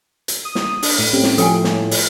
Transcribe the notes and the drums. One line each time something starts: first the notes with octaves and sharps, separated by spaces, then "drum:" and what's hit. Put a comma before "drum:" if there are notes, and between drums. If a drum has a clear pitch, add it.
drum: hi-hat
D#6
drum: snare
D4, drum: open hi-hat
A2
C4 C#4 G4
drum: snare
F3 F4 A4 C#5 G5 G#5, drum: hi-hat
drum: snare
drum: open hi-hat